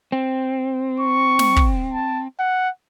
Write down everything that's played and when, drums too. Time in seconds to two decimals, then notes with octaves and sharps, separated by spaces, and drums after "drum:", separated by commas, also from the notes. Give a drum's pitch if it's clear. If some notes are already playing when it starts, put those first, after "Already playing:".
0.12 C4
1.00 C#6
1.39 drum: snare
1.56 drum: kick
1.93 A5
2.40 F#5